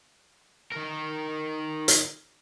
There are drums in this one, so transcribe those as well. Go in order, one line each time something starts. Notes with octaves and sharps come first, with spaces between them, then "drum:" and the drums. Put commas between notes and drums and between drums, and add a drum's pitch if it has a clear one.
D#3 A#4
drum: hi-hat